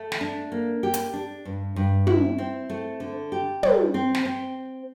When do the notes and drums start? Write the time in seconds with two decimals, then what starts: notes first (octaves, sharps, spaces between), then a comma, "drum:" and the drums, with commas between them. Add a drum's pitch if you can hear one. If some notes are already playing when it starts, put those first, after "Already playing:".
Already playing: A3
0.12 drum: snare
0.21 D4
0.52 A#3
0.83 G4
0.94 drum: hi-hat
1.13 D4
1.45 G2
1.76 G2
2.07 E4, drum: tom
2.38 C4
2.70 A3
3.00 D3
3.32 G4
3.63 G3, drum: tom
3.94 C4
4.15 drum: snare
4.25 C4